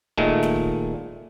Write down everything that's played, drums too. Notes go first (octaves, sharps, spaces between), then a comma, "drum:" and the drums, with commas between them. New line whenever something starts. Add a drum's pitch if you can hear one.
A#2 D#3 G#3 A3, drum: kick
drum: snare
drum: kick